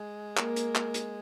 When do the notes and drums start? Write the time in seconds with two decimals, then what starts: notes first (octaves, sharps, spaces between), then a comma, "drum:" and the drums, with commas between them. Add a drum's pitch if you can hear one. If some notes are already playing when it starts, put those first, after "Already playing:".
Already playing: G#3
0.37 A#3, drum: clap
0.56 drum: hi-hat
0.75 drum: clap
0.94 drum: hi-hat